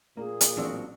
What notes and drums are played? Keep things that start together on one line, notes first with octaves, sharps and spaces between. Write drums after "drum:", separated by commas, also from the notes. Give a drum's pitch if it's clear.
A#2 A#3 G#4
drum: hi-hat
A1 F#3 C4 D4 E6